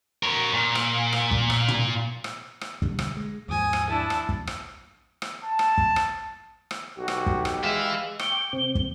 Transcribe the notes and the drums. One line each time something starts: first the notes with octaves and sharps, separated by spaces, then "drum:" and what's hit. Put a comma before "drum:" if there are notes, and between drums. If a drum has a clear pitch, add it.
A#4 C#5
A#2
drum: rim click
drum: rim click
drum: kick
drum: rim click
drum: tom
drum: rim click
drum: rim click
B2 D3 G3, drum: kick
drum: rim click
G#3
D#2 G#2 F3 G#5 D#6
drum: rim click
D4 E4 A5
drum: rim click
drum: kick
drum: rim click
drum: rim click
A5
drum: rim click
drum: kick
drum: rim click
drum: rim click
B1 F#4 G4
drum: rim click
drum: kick
drum: rim click
G#3 B4 E5 F5
G5 C#6 D6 G7, drum: rim click
C3 C4
drum: kick